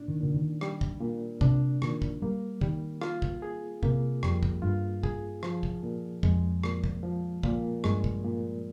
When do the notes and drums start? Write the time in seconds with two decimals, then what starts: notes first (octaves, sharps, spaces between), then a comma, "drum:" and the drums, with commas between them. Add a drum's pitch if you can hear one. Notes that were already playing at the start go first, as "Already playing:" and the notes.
Already playing: A#2 D4
0.08 D#3
0.21 A#2 D3
0.34 D#3
0.61 G3, drum: rim click
0.81 drum: kick
1.01 A#2
1.41 C3 D4, drum: kick
1.82 A#2 D#3, drum: rim click
2.02 drum: kick
2.22 G3 A#3
2.61 D#3 G3, drum: kick
3.01 F4, drum: rim click
3.22 drum: kick
3.42 G#4
3.83 C3 A#3, drum: kick
4.23 F2 G3, drum: rim click
4.43 drum: kick
4.62 G2 F4
5.03 G#4, drum: kick
5.43 F3, drum: rim click
5.63 drum: kick
5.83 A#2
6.23 F2 G#3, drum: kick
6.64 A#2, drum: rim click
6.84 drum: kick
7.03 F3
7.43 A#2, drum: kick
7.84 G2 G#3, drum: rim click
8.04 drum: kick
8.25 A#2